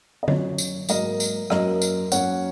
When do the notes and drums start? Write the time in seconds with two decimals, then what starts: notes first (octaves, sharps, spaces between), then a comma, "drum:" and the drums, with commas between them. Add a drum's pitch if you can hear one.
0.23 D#5
0.28 F#2 F#3 C#4 C#5, drum: tom D3
0.58 drum: tambourine
0.89 G#2 F#3 A#3 A#4 D#5, drum: tambourine
1.20 drum: tambourine
1.50 F#2 F#3 A#3 A#4 D#5, drum: rim click
1.82 drum: tambourine
2.12 F#2 F#3 A#3 C#4 C#5 F#5, drum: tambourine